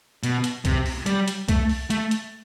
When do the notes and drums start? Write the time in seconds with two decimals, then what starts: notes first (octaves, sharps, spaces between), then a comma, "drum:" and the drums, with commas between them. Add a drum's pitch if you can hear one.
0.23 B2, drum: hi-hat
0.44 drum: hi-hat
0.65 C3, drum: kick, hi-hat
0.86 drum: open hi-hat
1.06 G3, drum: hi-hat
1.28 drum: hi-hat
1.48 A3, drum: kick, hi-hat
1.69 drum: open hi-hat
1.90 A3, drum: hi-hat
2.11 drum: hi-hat